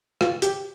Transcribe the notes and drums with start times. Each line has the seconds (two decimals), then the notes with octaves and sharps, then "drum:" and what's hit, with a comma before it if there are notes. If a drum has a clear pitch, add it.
0.21 F4, drum: rim click
0.42 G4, drum: hi-hat